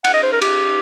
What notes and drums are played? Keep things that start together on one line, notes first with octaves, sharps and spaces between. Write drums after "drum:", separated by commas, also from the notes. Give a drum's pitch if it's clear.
F#5, drum: cymbal
D#5
C5
A#4
G4, drum: cymbal